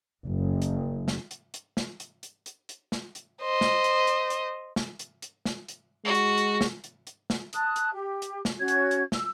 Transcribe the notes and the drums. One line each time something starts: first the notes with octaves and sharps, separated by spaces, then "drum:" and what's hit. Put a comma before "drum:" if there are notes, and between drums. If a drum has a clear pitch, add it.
F#1
drum: hi-hat
drum: snare
drum: hi-hat
drum: hi-hat
drum: snare
drum: hi-hat
drum: hi-hat
drum: hi-hat
drum: hi-hat
drum: snare
drum: hi-hat
C5 D#5
drum: snare
drum: hi-hat
drum: hi-hat
drum: hi-hat
drum: snare
drum: hi-hat
drum: hi-hat
drum: snare
drum: hi-hat
G#3 F#4
drum: hi-hat
drum: hi-hat
drum: snare
drum: hi-hat
drum: hi-hat
drum: snare
A5 D#6 F#6, drum: hi-hat
drum: hi-hat
G4
drum: hi-hat
drum: snare
C#4 F#4 C#5 G#6
drum: hi-hat
drum: hi-hat
E6, drum: snare